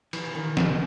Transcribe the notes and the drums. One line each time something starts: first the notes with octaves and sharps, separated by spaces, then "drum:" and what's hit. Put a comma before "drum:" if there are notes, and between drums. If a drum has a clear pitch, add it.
E3, drum: cymbal
D#3
C#3, drum: snare